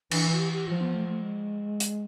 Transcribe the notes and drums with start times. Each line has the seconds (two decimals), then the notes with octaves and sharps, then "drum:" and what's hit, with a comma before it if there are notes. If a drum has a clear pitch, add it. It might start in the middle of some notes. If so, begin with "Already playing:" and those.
0.11 E3 D4, drum: cymbal
0.33 F#4
0.39 G4
0.53 G4
0.67 F3 F4
0.81 B3
0.94 A3
1.08 A3
1.22 G#3
1.80 drum: hi-hat